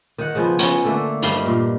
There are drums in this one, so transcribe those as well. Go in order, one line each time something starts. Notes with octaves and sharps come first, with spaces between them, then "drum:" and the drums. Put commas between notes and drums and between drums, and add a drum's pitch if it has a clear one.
D#3 F#5
C#3 F3 B3
B3 C#4, drum: hi-hat
D3 A3 A#3
G2 D#3 G3 F5, drum: hi-hat
A#2 F5